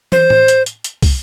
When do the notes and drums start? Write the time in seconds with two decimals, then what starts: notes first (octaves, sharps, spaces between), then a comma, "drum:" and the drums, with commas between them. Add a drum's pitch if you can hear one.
0.12 C5, drum: tom
0.30 drum: tom A2
0.48 drum: hi-hat
0.66 drum: hi-hat
0.84 drum: hi-hat
1.02 drum: kick, open hi-hat